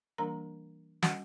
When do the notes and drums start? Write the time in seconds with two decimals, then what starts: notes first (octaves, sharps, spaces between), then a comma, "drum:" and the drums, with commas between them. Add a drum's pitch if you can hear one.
0.18 E3 G3 A#3 D4 A#4 A#5
1.03 G3 C#4 F#4 F#5, drum: snare